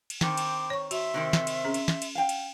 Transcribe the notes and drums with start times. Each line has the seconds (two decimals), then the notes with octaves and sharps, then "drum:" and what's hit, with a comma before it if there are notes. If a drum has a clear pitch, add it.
0.10 drum: cymbal
0.21 D#3 C4 G5 C6 D6, drum: snare
0.37 drum: cymbal
0.70 C#5 C#6
0.91 F#4 E5 C6, drum: cymbal
1.14 C3 D#3 C4
1.33 drum: snare
1.47 drum: cymbal
1.65 C#4 G#4
1.74 drum: cymbal
1.88 drum: snare
2.02 drum: cymbal
2.15 F5 G5
2.29 drum: cymbal